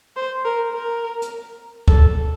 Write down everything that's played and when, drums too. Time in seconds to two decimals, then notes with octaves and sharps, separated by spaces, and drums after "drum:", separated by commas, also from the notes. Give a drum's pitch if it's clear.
0.16 C5
0.45 A#4
0.73 A#4
1.22 drum: hi-hat
1.88 A4, drum: kick C#2